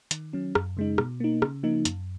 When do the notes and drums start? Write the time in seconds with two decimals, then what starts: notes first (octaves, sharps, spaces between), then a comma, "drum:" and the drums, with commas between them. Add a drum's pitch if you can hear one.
0.11 D#3, drum: hi-hat
0.33 F#3 C#4
0.55 F#2, drum: rim click
0.77 C#3 G#3 D#4
0.98 B2, drum: rim click
1.20 A#3 D#4
1.42 C#3, drum: rim click
1.63 F3 A#3 D#4
1.85 F#2, drum: hi-hat